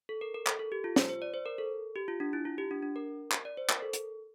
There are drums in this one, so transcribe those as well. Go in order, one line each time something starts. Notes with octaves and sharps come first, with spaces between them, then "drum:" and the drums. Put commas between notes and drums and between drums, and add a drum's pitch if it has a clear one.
A4
A#4
A#4
A4, drum: clap
A4
G4
F4
C5, drum: snare
C5
D5
C5
A#4
A4
G4
F4
D4
E4
F4
G4
D4
D4
A#4
drum: clap
D5
C5
A#4, drum: clap
A4
drum: hi-hat